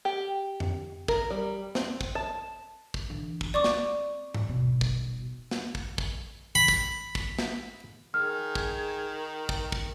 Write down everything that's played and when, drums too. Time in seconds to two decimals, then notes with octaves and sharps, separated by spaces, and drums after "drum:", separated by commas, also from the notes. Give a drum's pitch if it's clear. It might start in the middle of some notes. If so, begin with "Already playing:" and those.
0.05 G4
0.60 drum: tom F2
1.08 A#4, drum: kick
1.30 G3
1.75 C4, drum: snare
2.01 drum: kick
2.15 A5
2.94 drum: kick
3.10 D3 E3
3.41 drum: kick
3.54 C4 D5 C#6 D6
3.64 drum: snare
4.34 drum: tom G#2
4.48 D#1 B2
4.81 drum: kick
5.51 drum: snare
5.75 drum: kick
5.98 drum: kick
6.55 B5
6.68 drum: kick
7.15 drum: kick
7.39 drum: snare
8.14 D#3 G#4 F6 G#6
8.55 drum: kick
9.17 G5
9.49 drum: kick
9.72 drum: kick